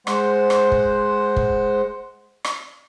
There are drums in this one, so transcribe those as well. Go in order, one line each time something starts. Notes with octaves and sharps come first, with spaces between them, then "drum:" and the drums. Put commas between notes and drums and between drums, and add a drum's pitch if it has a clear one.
G#3 C5 F#5, drum: rim click
drum: rim click
drum: kick
drum: kick
drum: rim click